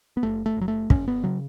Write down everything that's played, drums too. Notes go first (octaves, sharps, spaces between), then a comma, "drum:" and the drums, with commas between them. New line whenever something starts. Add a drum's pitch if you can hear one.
B3
F#1 A3
A3
F#1 F#3
A3
F#1 C#4, drum: kick
B3
C#3 F#3